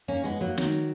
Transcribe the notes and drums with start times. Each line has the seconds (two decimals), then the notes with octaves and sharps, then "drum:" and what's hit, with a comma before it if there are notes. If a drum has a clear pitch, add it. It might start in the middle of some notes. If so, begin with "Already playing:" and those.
0.08 A#3 C#4
0.24 G#3 B3
0.41 F#3 A#3
0.57 D#3 F#3, drum: snare